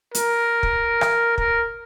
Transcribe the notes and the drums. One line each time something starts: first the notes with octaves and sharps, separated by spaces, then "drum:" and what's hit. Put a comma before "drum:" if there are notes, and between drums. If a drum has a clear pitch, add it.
A#4, drum: hi-hat
drum: kick
drum: rim click
A#4, drum: kick